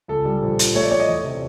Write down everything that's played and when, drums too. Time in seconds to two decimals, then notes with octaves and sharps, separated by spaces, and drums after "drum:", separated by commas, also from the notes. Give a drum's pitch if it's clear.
0.08 C#2 A4
0.25 G3
0.42 A#1
0.59 F3, drum: hi-hat
0.74 A3 C#5
0.83 D5
0.91 A3 C#5
1.00 D#5
1.08 E2
1.24 C3